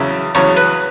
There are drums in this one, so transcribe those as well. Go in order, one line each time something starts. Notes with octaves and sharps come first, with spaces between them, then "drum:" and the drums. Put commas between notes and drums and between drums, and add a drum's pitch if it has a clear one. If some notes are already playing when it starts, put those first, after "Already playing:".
Already playing: E2 C#3 F#3 E5
E2 C#3 F#3 C#5, drum: hi-hat
B4, drum: hi-hat